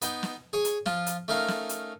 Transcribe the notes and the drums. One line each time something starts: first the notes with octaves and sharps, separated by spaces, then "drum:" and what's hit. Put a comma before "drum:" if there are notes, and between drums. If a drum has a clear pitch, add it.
B3 D#4 G5, drum: hi-hat
drum: snare
G#4 C#5 G#5
drum: hi-hat
F3 F4, drum: snare
drum: hi-hat
A3 C#4 D#4 A#4 F5
drum: snare
drum: hi-hat